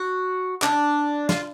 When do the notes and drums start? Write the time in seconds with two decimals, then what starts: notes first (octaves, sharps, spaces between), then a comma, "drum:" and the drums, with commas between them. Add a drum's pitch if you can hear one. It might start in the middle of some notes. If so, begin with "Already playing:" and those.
Already playing: F#4
0.62 D4, drum: clap
1.29 F4, drum: snare